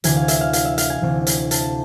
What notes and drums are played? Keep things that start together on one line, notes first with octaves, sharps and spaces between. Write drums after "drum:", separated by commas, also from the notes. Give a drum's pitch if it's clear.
D2 C3 E3 G#5, drum: hi-hat
F5
E5, drum: hi-hat
F5
F5, drum: hi-hat
E5
F5, drum: hi-hat
G#5
D2 C3 E3
drum: hi-hat
A5, drum: hi-hat